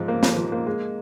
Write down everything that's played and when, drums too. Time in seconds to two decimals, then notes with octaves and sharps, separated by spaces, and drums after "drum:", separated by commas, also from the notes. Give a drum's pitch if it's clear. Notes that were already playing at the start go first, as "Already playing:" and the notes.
Already playing: G#2 F3
0.08 A#3
0.23 F3, drum: snare
0.37 F3
0.52 A#3
0.66 G#3